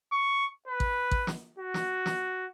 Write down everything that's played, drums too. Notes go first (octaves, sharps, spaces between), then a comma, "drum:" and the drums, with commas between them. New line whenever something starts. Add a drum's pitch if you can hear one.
C#6
B4
drum: kick A1
drum: kick A1
drum: snare
F#4
drum: snare
drum: snare